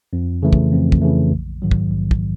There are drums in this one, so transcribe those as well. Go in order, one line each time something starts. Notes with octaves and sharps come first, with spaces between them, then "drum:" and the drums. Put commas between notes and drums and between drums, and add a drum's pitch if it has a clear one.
F2
C#3 E3 A3
drum: kick
F2
drum: kick
C#3 E3 A3
A#1
G#2 D#3 F#3
drum: kick
A#1
drum: kick